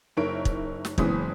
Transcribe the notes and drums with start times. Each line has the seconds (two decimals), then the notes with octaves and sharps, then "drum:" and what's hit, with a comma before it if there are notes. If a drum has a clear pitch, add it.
0.17 F#1 D#4 E4 A#4 C#5 D7
0.45 drum: kick
0.85 drum: snare
0.98 F#1 E3 G#3 B3 C#4 D#6, drum: kick